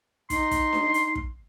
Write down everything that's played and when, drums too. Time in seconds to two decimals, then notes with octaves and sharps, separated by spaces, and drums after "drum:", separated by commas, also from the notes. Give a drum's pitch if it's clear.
0.30 D#4 C6, drum: kick, hi-hat
0.51 drum: kick, hi-hat
0.73 drum: snare D4
0.94 drum: hi-hat
1.15 drum: kick